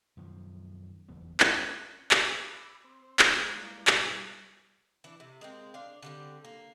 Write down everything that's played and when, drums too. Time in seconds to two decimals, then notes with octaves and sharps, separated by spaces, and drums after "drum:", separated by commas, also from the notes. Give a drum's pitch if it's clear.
0.17 F#2 D#3 F3
1.09 F#1 E2 B3
1.40 drum: clap
2.11 drum: clap
2.46 B5 D6 E6
2.84 C4
3.19 D3 G#3 A#3, drum: clap
3.53 G3 E4 B4 D5
3.87 G#2 B2 A#4, drum: clap
5.04 E3 D4
5.20 C3
5.41 G#3 A#3 C4
5.74 D4 F5
6.02 D3 G3 C4
6.45 A#3